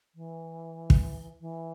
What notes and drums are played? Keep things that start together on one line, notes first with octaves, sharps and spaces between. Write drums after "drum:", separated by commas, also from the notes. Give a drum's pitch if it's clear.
E3
drum: kick
E3